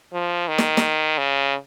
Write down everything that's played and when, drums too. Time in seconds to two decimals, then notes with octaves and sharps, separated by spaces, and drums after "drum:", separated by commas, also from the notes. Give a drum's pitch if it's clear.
0.13 F3
0.48 D#3
0.59 drum: snare
0.77 drum: snare
1.18 C#3